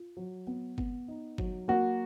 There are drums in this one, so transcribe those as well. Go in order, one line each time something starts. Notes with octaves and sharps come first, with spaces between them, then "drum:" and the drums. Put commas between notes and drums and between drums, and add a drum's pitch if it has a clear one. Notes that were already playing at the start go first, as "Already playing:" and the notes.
Already playing: F4
F#3
B3
B3, drum: kick G1
D#4
F#3, drum: kick G1
A#3 F#4